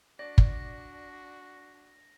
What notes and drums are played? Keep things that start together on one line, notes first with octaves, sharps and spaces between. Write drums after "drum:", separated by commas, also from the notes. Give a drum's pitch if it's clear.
D4 F#4 D5 A#6
drum: kick